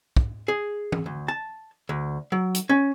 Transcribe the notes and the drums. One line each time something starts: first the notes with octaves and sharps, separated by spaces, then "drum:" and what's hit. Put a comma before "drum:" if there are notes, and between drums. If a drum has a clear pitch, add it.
drum: kick
G#4
drum: tom
D2
A5
D2
F#3
drum: hi-hat
C#4